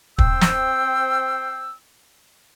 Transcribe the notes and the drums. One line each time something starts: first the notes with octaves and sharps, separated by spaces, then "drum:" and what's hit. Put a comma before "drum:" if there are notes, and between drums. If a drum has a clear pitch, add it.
C4 C5 G5 E6, drum: kick
drum: snare